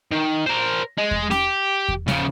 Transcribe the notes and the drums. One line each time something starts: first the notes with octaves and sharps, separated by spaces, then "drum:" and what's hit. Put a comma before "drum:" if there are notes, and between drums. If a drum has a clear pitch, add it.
D#3
A#4 C5
G#3
drum: kick E2
G4, drum: snare C#4
drum: kick E2
C#3 F3, drum: snare C#4